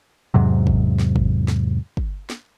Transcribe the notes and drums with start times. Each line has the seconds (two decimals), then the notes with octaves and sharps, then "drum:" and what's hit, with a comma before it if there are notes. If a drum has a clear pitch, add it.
0.34 E2 G#2 C3 F#3
0.67 drum: kick
0.99 drum: snare
1.16 drum: kick
1.48 drum: snare
1.97 drum: kick
2.30 drum: snare